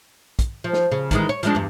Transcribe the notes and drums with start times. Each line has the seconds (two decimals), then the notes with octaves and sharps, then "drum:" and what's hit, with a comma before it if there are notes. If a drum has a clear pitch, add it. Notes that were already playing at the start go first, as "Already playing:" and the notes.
0.39 drum: kick, hi-hat
0.64 F3
0.73 drum: snare
0.92 C#3
1.11 D#3 E3 G#3, drum: kick, hi-hat
1.29 C#5
1.43 F3 G#3 D4, drum: hi-hat
1.55 E2 G2